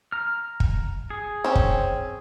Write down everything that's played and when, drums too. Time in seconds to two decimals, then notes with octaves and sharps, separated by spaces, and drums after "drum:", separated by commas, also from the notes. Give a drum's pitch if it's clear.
0.12 A#5 F6
0.60 drum: kick
1.10 G#4
1.44 C4 C#4
1.55 drum: kick